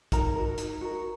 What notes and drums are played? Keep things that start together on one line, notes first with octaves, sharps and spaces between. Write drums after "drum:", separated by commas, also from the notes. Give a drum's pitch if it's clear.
D#4 A#4 A#5, drum: kick, hi-hat
F#4 A#4
D#4, drum: hi-hat
F#4 A#4